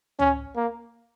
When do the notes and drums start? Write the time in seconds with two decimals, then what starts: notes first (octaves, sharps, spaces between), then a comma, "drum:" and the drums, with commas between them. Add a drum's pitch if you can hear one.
0.19 C#4, drum: tom C#2
0.56 A#3